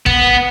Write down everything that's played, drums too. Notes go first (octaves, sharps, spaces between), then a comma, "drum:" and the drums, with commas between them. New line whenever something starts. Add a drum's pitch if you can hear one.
B3, drum: kick A1